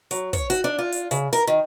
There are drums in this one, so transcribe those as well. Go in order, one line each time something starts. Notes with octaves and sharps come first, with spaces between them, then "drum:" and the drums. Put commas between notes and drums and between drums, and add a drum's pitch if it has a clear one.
F#3, drum: hi-hat
C#5, drum: kick, hi-hat
F#4, drum: hi-hat
D4
F4
drum: hi-hat
C#3, drum: hi-hat
A#4, drum: hi-hat
D#3